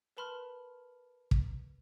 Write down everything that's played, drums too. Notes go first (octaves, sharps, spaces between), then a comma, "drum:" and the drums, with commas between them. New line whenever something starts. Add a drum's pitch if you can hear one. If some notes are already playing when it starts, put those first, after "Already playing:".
A#4 B4 A5 B5 C6 F6
drum: kick